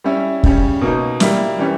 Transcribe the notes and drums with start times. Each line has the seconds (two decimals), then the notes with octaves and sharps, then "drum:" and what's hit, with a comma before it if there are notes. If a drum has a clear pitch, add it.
0.04 G3 C#4 E4
0.43 C#3 G3 C#4, drum: kick
0.81 B2 A#3 D#4
1.20 G3 A#3 E4, drum: snare
1.59 E3 G3 C#4